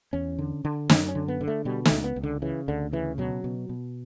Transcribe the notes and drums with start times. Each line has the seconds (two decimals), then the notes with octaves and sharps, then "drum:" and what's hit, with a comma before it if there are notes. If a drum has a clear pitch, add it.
0.13 E2 C#4
0.39 D3
0.65 D3
0.89 F#2 C#4, drum: snare
1.08 C#4
1.15 D3
1.28 B3
1.41 D3
1.48 A3
1.65 B2 G3
1.85 A3, drum: snare
1.91 C#2
2.04 B3
2.16 C#2
2.23 D3
2.42 C#3 E3
2.68 D2 D3
2.93 C#3 E3
3.18 B2 F#3
3.44 B2
3.69 B2